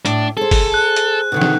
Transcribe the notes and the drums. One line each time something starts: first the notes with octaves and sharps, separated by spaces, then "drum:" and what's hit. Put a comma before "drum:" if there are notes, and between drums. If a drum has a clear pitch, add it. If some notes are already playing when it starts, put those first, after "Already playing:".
A2 D4, drum: hi-hat
G#4 A4 C5
drum: kick G1, open hi-hat
F#6
drum: hi-hat
B2 D3 D#3
drum: snare